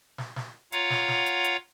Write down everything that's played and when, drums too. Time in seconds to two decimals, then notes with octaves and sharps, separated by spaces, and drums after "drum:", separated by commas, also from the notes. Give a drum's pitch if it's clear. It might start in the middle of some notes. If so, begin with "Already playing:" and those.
0.18 drum: snare
0.36 drum: snare
0.72 F4 C#5 F5 F#5 A#5, drum: hi-hat
0.90 drum: snare
1.08 drum: snare
1.26 drum: hi-hat
1.44 drum: hi-hat